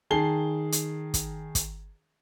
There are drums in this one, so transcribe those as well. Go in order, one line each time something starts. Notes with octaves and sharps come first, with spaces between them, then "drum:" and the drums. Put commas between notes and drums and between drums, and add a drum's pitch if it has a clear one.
D#3 G#4 A5 C7 G7
drum: hi-hat
drum: kick, hi-hat
drum: kick, hi-hat